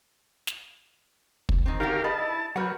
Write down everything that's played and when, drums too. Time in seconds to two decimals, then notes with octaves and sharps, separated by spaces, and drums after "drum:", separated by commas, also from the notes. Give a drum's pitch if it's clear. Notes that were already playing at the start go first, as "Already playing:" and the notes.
0.47 drum: snare
1.49 drum: kick
1.66 D#3 C4
1.80 D3 D#3 D#4 F#4 G4 A#4 F5
2.04 G#4 B4 D#5 A5 B5
2.18 E4 B5 E6
2.56 F#3 A#4 B4 C#5 F#5 F6 G6